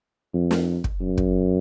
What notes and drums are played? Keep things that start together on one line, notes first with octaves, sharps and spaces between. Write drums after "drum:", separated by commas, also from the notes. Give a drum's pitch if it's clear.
F2
drum: snare
drum: kick
F#2
drum: kick